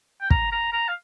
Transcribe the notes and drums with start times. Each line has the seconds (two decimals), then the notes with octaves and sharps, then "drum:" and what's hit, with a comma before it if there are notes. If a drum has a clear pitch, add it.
0.22 G5
0.30 A#5, drum: kick
0.52 A#5
0.73 A#5
0.89 F5